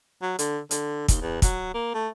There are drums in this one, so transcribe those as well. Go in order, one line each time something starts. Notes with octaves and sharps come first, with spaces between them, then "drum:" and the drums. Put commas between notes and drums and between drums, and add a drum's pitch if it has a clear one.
F#3
D3, drum: hi-hat
D3, drum: hi-hat
D#2, drum: kick, hi-hat
E2
F#3, drum: kick, hi-hat
A#3
A3